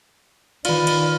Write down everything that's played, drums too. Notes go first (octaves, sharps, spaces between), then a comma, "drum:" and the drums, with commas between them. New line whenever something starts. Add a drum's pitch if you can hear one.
D#3 F4 B4 D5, drum: cymbal
drum: cymbal